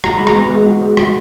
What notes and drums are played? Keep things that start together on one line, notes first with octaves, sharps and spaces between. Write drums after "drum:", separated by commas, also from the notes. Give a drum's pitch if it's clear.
F#4 A#5, drum: rim click
G#3 B5
A#5, drum: rim click
B3
G#3
F#4
G#3
F#4, drum: rim click